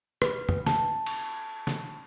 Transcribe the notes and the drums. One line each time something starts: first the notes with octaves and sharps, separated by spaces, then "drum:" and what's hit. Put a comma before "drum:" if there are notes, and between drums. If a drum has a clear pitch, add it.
B4, drum: rim click
drum: tom
A5, drum: snare
drum: cymbal
drum: snare